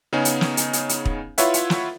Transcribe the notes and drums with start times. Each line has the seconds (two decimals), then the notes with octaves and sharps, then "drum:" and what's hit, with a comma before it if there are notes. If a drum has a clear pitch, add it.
0.13 C#3 B3 C#4 D#4 G#4
0.25 drum: hi-hat
0.41 drum: snare
0.57 drum: hi-hat
0.73 drum: hi-hat
0.89 drum: hi-hat
1.05 drum: kick
1.38 E4 F4 B4 C#5 E5 F#5, drum: hi-hat
1.54 drum: hi-hat
1.70 drum: snare